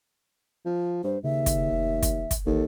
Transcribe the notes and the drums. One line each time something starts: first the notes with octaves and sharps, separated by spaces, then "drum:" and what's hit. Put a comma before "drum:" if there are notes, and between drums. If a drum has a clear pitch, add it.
F3
G2 C5
D#2 C#3 E5
drum: kick, hi-hat
F1
drum: kick, hi-hat
drum: kick, hi-hat
A1 D#2 A4